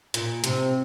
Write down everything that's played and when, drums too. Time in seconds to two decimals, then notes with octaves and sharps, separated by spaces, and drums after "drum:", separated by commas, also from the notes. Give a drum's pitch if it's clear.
0.14 A#2, drum: hi-hat
0.44 C3, drum: hi-hat